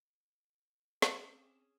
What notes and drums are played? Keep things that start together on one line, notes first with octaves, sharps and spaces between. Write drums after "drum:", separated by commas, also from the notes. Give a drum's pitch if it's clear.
C4 C#4 G#4 D6 E7, drum: snare